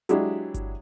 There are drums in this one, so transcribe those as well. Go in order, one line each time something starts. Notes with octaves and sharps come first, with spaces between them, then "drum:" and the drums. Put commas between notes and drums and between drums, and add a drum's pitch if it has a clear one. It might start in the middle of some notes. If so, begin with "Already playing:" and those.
F#3 G#3 D4 E4 G4, drum: hi-hat
drum: kick G1, hi-hat